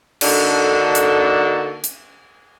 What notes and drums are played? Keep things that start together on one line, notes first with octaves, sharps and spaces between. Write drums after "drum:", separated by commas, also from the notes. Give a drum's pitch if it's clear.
D3 A#3 D4 D#4 F#4 A4, drum: cymbal
drum: hi-hat
drum: hi-hat